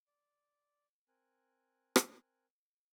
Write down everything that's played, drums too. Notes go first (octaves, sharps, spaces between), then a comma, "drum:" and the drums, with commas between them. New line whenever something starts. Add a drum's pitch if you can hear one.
D5
C4 A#4 G#5 F#6
drum: rim click